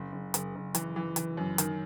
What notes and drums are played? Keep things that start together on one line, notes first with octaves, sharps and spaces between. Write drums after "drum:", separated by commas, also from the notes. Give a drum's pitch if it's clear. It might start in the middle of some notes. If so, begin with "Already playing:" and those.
Already playing: F#1
F#1
F#1, drum: hi-hat
F#1
E3, drum: hi-hat
E3
E3, drum: hi-hat
F#2
D#3, drum: hi-hat